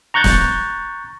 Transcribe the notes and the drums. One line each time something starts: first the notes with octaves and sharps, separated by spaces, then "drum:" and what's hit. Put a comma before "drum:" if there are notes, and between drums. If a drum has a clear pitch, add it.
A#5 C#6 F#6 G6 A6
drum: snare